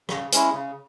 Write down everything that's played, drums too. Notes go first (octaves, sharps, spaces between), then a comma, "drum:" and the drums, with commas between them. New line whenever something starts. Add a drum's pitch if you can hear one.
C#3, drum: rim click
G#3 C#4 E4, drum: hi-hat
C#3